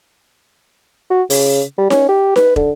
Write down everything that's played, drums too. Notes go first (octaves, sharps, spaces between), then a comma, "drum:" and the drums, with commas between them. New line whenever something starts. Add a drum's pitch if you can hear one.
F#4
C#3, drum: open hi-hat
G3
C#4, drum: snare D#4
G4
B4, drum: snare D#4
D3, drum: kick